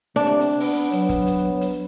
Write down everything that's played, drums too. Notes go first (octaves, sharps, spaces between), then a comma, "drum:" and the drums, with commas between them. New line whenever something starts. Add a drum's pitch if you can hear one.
C3 D4
drum: hi-hat
B3, drum: open hi-hat
F#3, drum: hi-hat
drum: kick, hi-hat
drum: hi-hat
drum: hi-hat